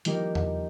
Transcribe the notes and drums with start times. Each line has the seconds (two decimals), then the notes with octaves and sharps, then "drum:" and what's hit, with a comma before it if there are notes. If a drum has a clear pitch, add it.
0.05 F3 A#3 D#4 G4 A#4, drum: hi-hat
0.35 drum: tom E2